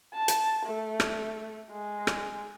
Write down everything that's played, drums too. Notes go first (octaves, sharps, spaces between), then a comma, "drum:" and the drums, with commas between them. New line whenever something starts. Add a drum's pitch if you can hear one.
A5
drum: hi-hat
A3
drum: rim click
G#3
drum: rim click